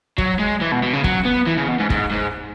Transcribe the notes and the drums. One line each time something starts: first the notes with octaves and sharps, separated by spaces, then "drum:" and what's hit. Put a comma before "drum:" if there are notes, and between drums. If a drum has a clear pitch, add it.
F#3, drum: kick
G#3
E3
B2
B2
C#3
F#3, drum: kick
B3
E3
C#3
B2
G#2
G#2, drum: kick
G#2